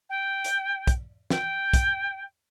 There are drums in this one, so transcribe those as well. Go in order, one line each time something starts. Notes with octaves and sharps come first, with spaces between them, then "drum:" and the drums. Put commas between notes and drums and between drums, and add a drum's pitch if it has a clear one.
G5
drum: hi-hat
drum: kick, hi-hat
G5, drum: snare
drum: kick, hi-hat